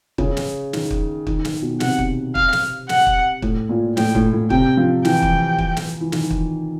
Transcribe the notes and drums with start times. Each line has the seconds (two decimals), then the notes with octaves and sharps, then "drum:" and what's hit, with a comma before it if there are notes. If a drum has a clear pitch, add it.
0.18 C#3, drum: kick
0.37 drum: snare
0.73 D#3, drum: snare
0.91 drum: kick
1.27 D#3, drum: kick
1.45 drum: snare
1.62 B2
1.80 C3 F#5, drum: snare
1.99 drum: kick
2.35 F5, drum: kick
2.53 drum: snare
2.89 F#5, drum: snare
3.07 drum: kick
3.42 A2, drum: kick
3.69 A#2
3.97 A2 G5, drum: snare
4.15 A2, drum: kick
4.33 A2
4.50 C3 G5, drum: kick
4.77 F3
5.05 E3 G5, drum: snare
5.23 drum: kick
5.59 drum: kick
5.77 drum: snare
6.01 E3
6.12 D#3, drum: snare
6.30 drum: kick